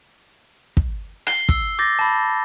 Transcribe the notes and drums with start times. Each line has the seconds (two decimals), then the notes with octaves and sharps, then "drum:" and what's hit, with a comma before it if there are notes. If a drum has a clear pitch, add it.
0.77 drum: kick
1.27 C7 G7, drum: rim click
1.49 E6, drum: kick
1.79 D6 G6 A6 A#6
1.99 A5 B5